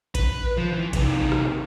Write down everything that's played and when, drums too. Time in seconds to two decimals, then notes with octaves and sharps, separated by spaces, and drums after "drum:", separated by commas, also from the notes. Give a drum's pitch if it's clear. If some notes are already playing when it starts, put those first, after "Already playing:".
0.15 B4, drum: kick A1, cymbal
0.58 F3
0.73 E3
0.93 C3 D#3, drum: kick A1, cymbal
1.32 drum: rim click